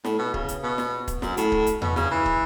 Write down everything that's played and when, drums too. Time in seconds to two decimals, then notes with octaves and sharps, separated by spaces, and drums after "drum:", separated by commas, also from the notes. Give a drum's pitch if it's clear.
0.04 A2, drum: snare
0.19 B2
0.34 C#3, drum: kick
0.48 drum: hi-hat
0.63 B2
0.78 drum: snare
1.08 drum: kick, hi-hat
1.22 F#2, drum: snare
1.37 A2, drum: hi-hat
1.52 drum: kick
1.67 drum: hi-hat
1.82 B2, drum: tom E2
1.96 C#3, drum: snare
2.11 E3
2.26 drum: kick